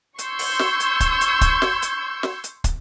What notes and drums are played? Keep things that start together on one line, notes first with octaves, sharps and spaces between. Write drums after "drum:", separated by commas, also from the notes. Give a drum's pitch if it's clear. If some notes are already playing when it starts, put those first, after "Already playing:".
C6 C#6 E6 G6 G#6, drum: hi-hat
drum: open hi-hat
drum: snare
drum: hi-hat
drum: kick, hi-hat
drum: hi-hat
drum: kick, hi-hat
drum: snare
drum: hi-hat
drum: snare
drum: hi-hat
drum: kick, hi-hat